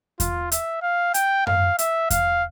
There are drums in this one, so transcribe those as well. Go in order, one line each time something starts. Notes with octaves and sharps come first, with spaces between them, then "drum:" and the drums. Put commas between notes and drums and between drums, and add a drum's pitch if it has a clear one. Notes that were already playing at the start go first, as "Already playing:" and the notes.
F4, drum: kick E2, hi-hat
E5, drum: hi-hat
F5
G5, drum: hi-hat
F5, drum: tom F#2
E5, drum: hi-hat
F5, drum: kick E2, hi-hat